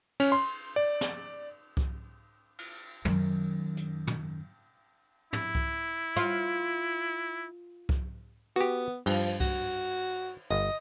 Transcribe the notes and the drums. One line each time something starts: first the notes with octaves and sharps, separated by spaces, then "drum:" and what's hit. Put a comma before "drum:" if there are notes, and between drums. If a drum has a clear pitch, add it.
C#4, drum: cymbal
C6
D5
drum: snare
drum: kick C2
drum: cymbal
F#2 D#3, drum: tom
drum: hi-hat
drum: tom
E4, drum: tom
drum: kick C2
F4
drum: kick C2
B3 F#4 G4
G2 F3, drum: cymbal
F#4, drum: kick C2
G1 D#5